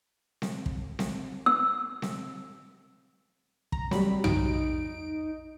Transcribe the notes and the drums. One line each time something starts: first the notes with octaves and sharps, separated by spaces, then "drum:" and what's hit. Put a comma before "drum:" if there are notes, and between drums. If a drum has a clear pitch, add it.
drum: snare C4
drum: kick
drum: snare C4
E6
drum: snare C4
A#5, drum: kick
F#3 G3 B5, drum: snare C4
D#4 D7, drum: tom